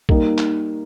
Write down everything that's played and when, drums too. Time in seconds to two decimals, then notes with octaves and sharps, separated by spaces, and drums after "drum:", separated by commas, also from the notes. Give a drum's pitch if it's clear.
0.09 G3 A#3 D#4, drum: kick
0.38 drum: clap